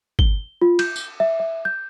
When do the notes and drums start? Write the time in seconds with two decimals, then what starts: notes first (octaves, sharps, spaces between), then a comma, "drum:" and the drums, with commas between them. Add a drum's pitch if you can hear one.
0.19 G7, drum: kick
0.62 F4
0.79 G6, drum: cymbal
0.96 drum: tambourine
1.20 E5
1.40 E5
1.65 G6